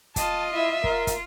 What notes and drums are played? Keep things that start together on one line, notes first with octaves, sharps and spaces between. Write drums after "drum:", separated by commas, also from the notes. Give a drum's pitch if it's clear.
F4 D#5 A5, drum: kick, hi-hat
E4 E5
F4 A#4, drum: kick
drum: kick, hi-hat